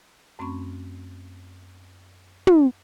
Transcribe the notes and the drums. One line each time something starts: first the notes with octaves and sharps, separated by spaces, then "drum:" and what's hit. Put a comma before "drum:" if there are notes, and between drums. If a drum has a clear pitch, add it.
F#2 A3 C4 C#4 B5 C#6
drum: tom